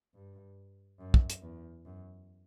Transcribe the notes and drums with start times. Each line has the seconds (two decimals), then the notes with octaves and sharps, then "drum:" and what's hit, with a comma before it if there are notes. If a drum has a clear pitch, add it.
0.15 G2
0.99 F#2
1.14 drum: kick
1.30 drum: hi-hat
1.43 E2
1.85 F#2